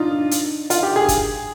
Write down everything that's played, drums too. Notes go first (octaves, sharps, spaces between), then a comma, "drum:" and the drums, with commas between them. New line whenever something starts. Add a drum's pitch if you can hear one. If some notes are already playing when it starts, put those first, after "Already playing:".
Already playing: D4 D#4 F4
drum: hi-hat
F4, drum: hi-hat
G4
G#4
drum: kick, hi-hat